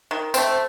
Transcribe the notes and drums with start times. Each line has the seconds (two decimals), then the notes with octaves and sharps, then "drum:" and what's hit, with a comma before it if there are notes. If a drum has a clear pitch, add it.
0.11 D#3
0.34 A3 C4, drum: tambourine